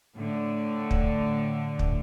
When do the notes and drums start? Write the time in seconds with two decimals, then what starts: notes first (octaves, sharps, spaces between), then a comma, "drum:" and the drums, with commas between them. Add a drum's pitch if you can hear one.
0.17 A2 D3
0.91 drum: kick
1.79 drum: kick